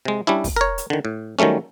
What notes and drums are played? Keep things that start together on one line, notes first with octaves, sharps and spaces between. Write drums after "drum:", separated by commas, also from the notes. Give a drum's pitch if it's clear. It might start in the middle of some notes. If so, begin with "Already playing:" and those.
C3 G#3
G3 C#4 D4 E4
drum: kick, open hi-hat
A#4 C#5
drum: hi-hat
D3 D#3
A2
D#3 F#3 G3 A3 C#4